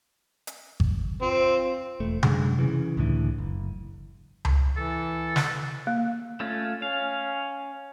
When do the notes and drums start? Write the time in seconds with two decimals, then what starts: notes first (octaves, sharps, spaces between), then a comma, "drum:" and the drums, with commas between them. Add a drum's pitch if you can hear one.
0.47 drum: hi-hat
0.80 drum: kick G#1
1.22 C4 F4 C5
2.00 E1 A3
2.23 F#2 D3 G#3, drum: tom C3
2.59 C#3 E3
2.97 C#2 A2 D3 E3
3.38 F#1
4.45 drum: tom C#2
4.77 E3 A4
5.36 drum: snare
5.87 A#3
6.40 A3 C#4 F4
6.82 C#4 F5